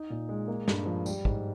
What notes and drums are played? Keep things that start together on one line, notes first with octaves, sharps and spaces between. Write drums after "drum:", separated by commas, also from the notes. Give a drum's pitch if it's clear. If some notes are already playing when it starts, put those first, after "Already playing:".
Already playing: D#4
A#2
G#3
A#3
G2, drum: snare
F3
G3, drum: tambourine
G#2, drum: kick